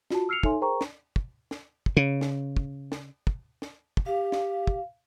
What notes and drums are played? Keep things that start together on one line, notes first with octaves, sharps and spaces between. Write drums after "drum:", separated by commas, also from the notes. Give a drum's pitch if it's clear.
F4 F#4 A5, drum: snare
E6 F6 C7 C#7 F7
D#4 A4 C#5 E5 G#5 C6, drum: kick
G#4 A#4 C5 G5 A#5 C#6
drum: snare
drum: kick
drum: snare
drum: kick
C#3
drum: snare
drum: kick
drum: snare
drum: kick
drum: snare
drum: kick
G4 F5
drum: snare
drum: kick